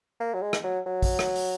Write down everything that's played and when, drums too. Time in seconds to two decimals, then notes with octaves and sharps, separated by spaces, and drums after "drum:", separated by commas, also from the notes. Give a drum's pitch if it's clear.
0.20 A#3
0.34 F#3
0.41 G#3
0.53 drum: rim click
0.64 F#3
0.86 F#3
1.02 drum: kick, open hi-hat
1.19 drum: rim click
1.35 drum: open hi-hat